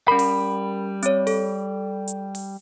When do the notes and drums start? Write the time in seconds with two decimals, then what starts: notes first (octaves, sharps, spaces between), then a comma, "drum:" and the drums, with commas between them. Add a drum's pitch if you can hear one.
0.08 G3 C#4 A#4 B5
0.19 drum: open hi-hat
1.03 C4 C#5, drum: hi-hat
1.27 A4, drum: open hi-hat
2.08 drum: hi-hat
2.35 drum: open hi-hat